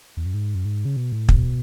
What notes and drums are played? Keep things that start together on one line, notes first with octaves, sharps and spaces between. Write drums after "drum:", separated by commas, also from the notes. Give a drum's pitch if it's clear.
E2
F#2
G#2
F#2
G#2
C#3
B2
A2
B2, drum: kick